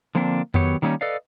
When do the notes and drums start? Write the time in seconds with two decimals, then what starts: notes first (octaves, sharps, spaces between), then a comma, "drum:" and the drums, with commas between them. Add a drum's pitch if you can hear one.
0.15 D3 F3 A#3 C4 D4
0.54 D#3 F#3 B3 G4 C#5, drum: tom F2
0.82 D#3 G3 A#3 C4 C#4 D#4
1.01 A4 B4 D5 D#5 F5